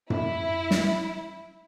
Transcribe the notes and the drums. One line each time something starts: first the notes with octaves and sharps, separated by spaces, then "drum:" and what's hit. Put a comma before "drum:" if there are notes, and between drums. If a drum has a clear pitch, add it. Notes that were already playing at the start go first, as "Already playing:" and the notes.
E4, drum: tom F#2
drum: snare